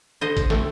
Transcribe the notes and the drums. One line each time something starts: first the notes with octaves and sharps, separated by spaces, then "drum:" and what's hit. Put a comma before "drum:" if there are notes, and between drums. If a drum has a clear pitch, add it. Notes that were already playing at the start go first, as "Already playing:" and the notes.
D3 C5 D#5
D3, drum: kick, hi-hat
A3, drum: snare